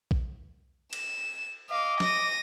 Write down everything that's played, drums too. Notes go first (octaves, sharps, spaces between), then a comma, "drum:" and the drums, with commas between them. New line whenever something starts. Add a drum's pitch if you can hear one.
drum: kick A#1
E7, drum: cymbal
D#5 F5 D6
A#6 D#7, drum: snare